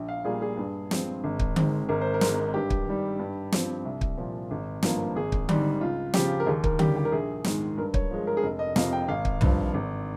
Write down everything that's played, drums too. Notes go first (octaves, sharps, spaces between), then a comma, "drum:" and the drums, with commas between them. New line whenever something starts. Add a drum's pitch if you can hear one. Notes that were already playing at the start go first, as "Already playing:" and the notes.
Already playing: A#1
F5
A#2 G3 A#3 G#4
G#4
G2
F3 G#3 C4, drum: snare
G#1
drum: kick
G#2 D#3 G#3 C4, drum: tom D3
G#1 A#4
C5
A#4
G#2 D#3 G#3, drum: snare
G2 G4
drum: kick
D#3 G3
G2
F3 C4, drum: snare
C2
drum: kick
A#2 F3
G#1
G2 F3 A#3, drum: snare
G#1 G#4
drum: kick
G#2 G3, drum: tom D3
C#2 F4
C#3 F3 G4, drum: snare
A#4
D#2 G#4
A#4, drum: kick
C#3 G3 G4, drum: tom D3
G4
A#4
A#1 G#4
G#2 D#3 G#3, drum: snare
G2 A#4
C#5, drum: kick
F3 G#3
A#4
G#4
F1 A#4
D#5
F2 C3 F3 F5, drum: snare
G5
G#1 F5
drum: kick
G2 F3, drum: tom
G#1